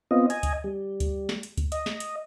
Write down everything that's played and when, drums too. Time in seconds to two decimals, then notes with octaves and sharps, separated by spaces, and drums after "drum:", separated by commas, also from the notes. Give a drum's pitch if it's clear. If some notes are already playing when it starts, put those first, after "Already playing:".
0.11 B3 C4 F4 D#5
0.30 D#5 G#5, drum: hi-hat
0.43 drum: kick C#2, hi-hat
0.64 G3
1.00 drum: kick C#2, hi-hat
1.29 drum: snare
1.43 drum: hi-hat
1.58 drum: kick C#2, hi-hat
1.72 D#5, drum: hi-hat
1.86 drum: snare
2.00 drum: hi-hat